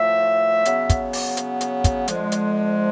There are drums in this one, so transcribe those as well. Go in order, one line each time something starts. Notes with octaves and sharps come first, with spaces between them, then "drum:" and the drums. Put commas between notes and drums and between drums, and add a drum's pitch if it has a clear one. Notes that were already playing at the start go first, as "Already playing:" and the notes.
Already playing: A2 F3 A3 E5
C#3 F#3 B3, drum: hi-hat
drum: kick, hi-hat
drum: open hi-hat
drum: hi-hat
drum: hi-hat
drum: kick, hi-hat
F2 D3 F3 G#3, drum: hi-hat
drum: hi-hat